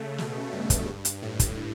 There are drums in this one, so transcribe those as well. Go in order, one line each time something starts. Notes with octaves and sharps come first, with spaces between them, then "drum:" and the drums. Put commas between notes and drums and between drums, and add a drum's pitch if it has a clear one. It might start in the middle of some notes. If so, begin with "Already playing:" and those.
Already playing: C#3 A3
B2, drum: snare
G2
drum: kick, hi-hat
G2
drum: hi-hat
A2
drum: kick, hi-hat